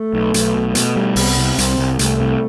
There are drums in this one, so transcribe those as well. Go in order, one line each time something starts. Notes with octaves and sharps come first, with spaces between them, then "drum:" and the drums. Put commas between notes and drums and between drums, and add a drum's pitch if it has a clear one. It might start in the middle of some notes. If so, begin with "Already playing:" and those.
Already playing: A3
B1
B1, drum: hi-hat
B2
B2 A3, drum: hi-hat
G3
C2 B3, drum: open hi-hat
C3
C2 C4, drum: hi-hat
C2
C2 A3, drum: hi-hat
C3